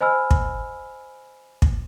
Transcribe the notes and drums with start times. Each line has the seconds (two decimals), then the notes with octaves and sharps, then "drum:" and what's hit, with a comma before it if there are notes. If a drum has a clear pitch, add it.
0.01 C5 D#5 G#5 B5 E6 F6
0.31 drum: kick
1.62 drum: kick